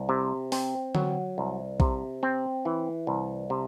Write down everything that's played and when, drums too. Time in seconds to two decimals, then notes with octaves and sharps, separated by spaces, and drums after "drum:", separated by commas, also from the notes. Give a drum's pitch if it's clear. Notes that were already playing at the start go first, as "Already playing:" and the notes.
Already playing: C2
0.09 C3
0.52 C4, drum: open hi-hat
0.95 F#3, drum: tom D3
1.38 C2
1.80 C3, drum: kick A#1
2.23 C4
2.65 E3
3.07 C2
3.50 C3